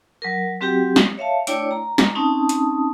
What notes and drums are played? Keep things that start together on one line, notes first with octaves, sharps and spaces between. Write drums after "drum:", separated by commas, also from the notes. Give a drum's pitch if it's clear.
F#3 A#4
F#3 C4 F#4 G4 G5
drum: snare
C#5 E5 F5 A5
A3 D4 E4 C#5 D5 G5, drum: hi-hat
A#5
drum: snare
C4 C#4 D#4 A5 D#6
drum: hi-hat